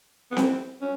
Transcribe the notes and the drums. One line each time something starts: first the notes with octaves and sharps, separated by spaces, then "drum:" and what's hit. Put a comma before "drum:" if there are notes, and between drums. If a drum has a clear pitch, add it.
B3
C4, drum: snare C4
C#4